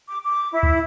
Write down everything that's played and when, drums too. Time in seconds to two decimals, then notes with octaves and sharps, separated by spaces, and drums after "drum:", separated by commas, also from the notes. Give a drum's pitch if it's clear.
0.08 D6
0.24 D6
0.52 E4
0.63 drum: kick